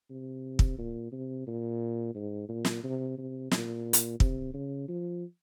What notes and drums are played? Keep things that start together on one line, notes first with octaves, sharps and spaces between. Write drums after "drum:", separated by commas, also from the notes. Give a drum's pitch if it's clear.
C3
drum: kick
A#2
C3
A#2
G#2
A#2
drum: snare
C3
C3
A#2, drum: snare
drum: hi-hat
C3, drum: kick
C#3
F3